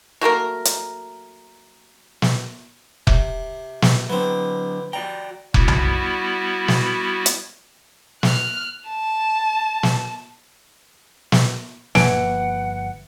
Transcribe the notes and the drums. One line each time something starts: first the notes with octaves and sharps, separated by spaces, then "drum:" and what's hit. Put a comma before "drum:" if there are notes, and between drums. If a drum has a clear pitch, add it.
F#3 A3 A#3 A#4
drum: hi-hat
drum: snare
C3, drum: kick F1
drum: snare
D3 F#3 B3 C4
F#4 D5 G5 A#5
G3 B3 E4 F#4, drum: kick F1
drum: tom B1
drum: snare
drum: hi-hat
F6 F#6, drum: snare
A5
drum: snare
drum: snare
G1 E3 F3 A#3 F#5 D7, drum: snare